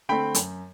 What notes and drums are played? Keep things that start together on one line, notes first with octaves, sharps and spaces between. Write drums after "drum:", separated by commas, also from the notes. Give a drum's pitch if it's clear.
D3 A3 C4 G5 B5
F#2, drum: hi-hat